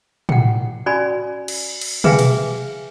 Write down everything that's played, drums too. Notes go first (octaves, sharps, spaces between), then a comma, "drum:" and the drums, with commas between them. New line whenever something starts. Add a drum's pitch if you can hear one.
F#5 G5, drum: tom A2
C#4 F#4 D5 G#5 B5
drum: cymbal
drum: cymbal
G#4 B4 E5 F5 G5 G#5, drum: tom
drum: cymbal